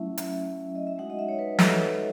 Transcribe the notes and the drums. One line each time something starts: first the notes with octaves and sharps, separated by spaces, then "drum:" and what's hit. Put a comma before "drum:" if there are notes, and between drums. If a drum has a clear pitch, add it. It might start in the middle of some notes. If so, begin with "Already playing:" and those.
Already playing: F#3 A3 C#4 E4 E5
E5, drum: hi-hat
D#5
E5
G#3 D#4 F#4 F#5
D#5
E5
C#5
B4
A4, drum: snare